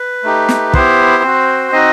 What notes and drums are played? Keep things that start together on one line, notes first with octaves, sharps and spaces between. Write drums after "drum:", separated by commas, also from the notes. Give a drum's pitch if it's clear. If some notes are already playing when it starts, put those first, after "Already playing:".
Already playing: B4
A3 D#4 G4
drum: snare
B3 E4 G4 C5, drum: kick
C4 F#4
C4 D#4 F#4 D#5